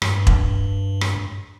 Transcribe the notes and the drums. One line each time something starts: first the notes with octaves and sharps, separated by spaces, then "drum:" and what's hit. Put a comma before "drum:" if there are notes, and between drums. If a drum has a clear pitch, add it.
G2, drum: rim click
drum: kick E1
drum: rim click